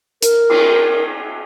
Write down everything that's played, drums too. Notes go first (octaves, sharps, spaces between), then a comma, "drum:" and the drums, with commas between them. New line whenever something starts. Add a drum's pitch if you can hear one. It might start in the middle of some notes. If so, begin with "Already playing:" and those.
A#4, drum: hi-hat
drum: cymbal